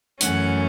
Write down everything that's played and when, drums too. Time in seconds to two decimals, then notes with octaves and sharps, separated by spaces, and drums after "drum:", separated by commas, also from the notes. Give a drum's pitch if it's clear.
0.21 F#2 E3 A3 C#4 F#5, drum: hi-hat